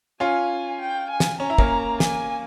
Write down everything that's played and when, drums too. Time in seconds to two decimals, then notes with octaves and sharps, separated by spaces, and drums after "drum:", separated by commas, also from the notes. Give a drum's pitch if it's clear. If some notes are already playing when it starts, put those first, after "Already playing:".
0.20 C#4 F4 G#5
0.81 G5
1.10 G#5
1.20 drum: snare
1.40 C#4 A#5
1.50 E4
1.58 A#3 C#4, drum: kick
2.00 G#5, drum: snare